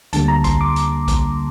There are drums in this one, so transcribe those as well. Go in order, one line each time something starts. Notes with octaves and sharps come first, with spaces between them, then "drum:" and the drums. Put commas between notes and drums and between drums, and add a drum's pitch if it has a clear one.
D2 D3 G3 A#3 A5, drum: hi-hat
A#5
C6, drum: kick A#1, hi-hat
D6
drum: hi-hat
drum: kick A#1, hi-hat